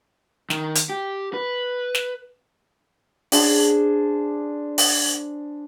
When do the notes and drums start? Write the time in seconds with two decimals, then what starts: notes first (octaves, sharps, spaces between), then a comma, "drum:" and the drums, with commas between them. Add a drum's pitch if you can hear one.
0.50 D#3, drum: snare
0.75 drum: hi-hat
0.90 G4
1.34 B4
1.95 drum: snare
3.32 D4 G#4 C5, drum: open hi-hat
4.78 drum: open hi-hat